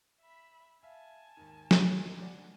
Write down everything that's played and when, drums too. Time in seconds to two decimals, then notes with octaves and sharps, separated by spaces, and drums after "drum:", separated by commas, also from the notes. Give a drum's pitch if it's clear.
0.21 E5 B5
0.83 E5 F5 G#5 A5
1.37 D#2 G#2 D#3
1.71 drum: snare
2.19 D5 F#5 D6